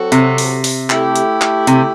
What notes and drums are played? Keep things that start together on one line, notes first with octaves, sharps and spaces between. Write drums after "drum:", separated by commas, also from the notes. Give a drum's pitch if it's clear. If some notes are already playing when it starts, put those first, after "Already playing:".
Already playing: F#3 C4 F#4 A4
C3, drum: hi-hat
drum: open hi-hat
drum: open hi-hat
A3 E4 G4, drum: clap
drum: hi-hat
drum: clap
C3, drum: hi-hat